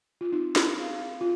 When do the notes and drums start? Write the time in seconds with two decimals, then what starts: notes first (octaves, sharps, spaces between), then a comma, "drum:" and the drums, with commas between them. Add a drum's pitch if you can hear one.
0.21 F4
0.32 C4 D#4
0.56 drum: snare
0.76 G#4 F5
1.21 F4